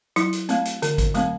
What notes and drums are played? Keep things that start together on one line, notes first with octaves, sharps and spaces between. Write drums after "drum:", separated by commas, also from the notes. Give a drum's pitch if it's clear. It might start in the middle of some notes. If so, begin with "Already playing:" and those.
F#3 E4, drum: hi-hat
drum: hi-hat
A3 C4, drum: hi-hat
drum: hi-hat
D3, drum: hi-hat
drum: kick G#1, hi-hat
F#3 A3 C4, drum: hi-hat